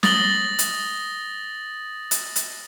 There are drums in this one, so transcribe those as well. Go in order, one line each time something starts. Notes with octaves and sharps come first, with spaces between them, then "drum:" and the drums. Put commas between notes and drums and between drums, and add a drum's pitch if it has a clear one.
D#6 A6 A#6 F#7 G7, drum: snare
drum: hi-hat
drum: hi-hat
drum: hi-hat